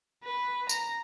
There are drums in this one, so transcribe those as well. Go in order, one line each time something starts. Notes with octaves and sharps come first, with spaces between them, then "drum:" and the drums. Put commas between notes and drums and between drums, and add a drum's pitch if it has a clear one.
B4
A#5, drum: tambourine